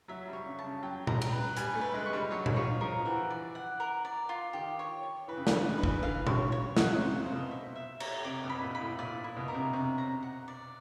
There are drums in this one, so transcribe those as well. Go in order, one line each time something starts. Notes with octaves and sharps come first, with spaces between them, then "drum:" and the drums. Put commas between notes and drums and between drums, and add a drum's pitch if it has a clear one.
F#3 E5
G3
C#5
C#3
A5
C#3
F#3 G5
A#5, drum: tom A#2
drum: cymbal
B4
G3 G#5, drum: hi-hat
A3
B4
G#3
C#6
G3
F#3 C#5
drum: tom A#2
F3 C#5
F3 A#4
E3 F#5
D5
F#5
A#4
D5
F4
D#3 G4
C#5
C#5
E3 B4
C#3
D3, drum: snare
B4
D#3
B4
E3, drum: kick
D3 F5
C#5, drum: tom A#2
C#5
C#3 F#5, drum: snare
C3
C5
A#2
C5
B2
E5
E5
A#5, drum: cymbal
C3 D5
B2
B5
A#2
B5
A2
A#2 D5
E4
B2
A#4
C3
C3 C#5
A#5
F#5
D5